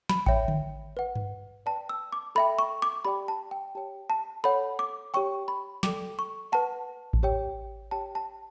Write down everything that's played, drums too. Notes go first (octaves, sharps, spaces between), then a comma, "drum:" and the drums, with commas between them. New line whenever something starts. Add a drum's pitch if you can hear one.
B5, drum: snare
C#5 E5 G5, drum: kick A1
drum: tom D3
B4 F#5
drum: tom G2
B4 D5 G5 A5
E6
D6
A4 E5 G5 B5
C#6
D6
G4 D5 G5 B5
A5
G5
G4 C#5 G5 A5
A5
A4 C#5 F#5 B5
D6
G4 C#5 G5 C#6
B5
A4 D5 G5 D6, drum: snare
C#6
B4 F#5 A5
drum: kick A1
G4 C#5 G5
G4 C#5 G5 A5
A5